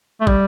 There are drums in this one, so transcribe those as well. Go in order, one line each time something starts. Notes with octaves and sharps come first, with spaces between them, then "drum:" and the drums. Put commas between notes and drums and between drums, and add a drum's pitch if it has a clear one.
A3
G3, drum: kick